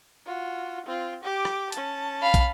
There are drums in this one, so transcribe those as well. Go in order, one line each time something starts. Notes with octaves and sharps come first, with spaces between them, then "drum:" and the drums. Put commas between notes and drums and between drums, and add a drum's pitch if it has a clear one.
F4 F#4
C4 F4
G4 D6
drum: rim click
C#4 A5, drum: hi-hat
F5 B5
drum: kick, hi-hat